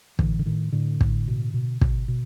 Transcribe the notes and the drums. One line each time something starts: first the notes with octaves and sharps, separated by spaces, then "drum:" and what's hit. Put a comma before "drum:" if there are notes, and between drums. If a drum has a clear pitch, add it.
A2 D3 E3, drum: kick
D3
A2 D#3
A2 D3
A2, drum: kick
B2
B2
B2, drum: kick
B2